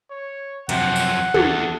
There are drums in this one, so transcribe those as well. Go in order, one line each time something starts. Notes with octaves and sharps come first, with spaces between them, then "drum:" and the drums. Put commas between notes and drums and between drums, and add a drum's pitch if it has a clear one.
C#5
F#2 C3 F3 F#5, drum: hi-hat
drum: open hi-hat
E2 A4, drum: tom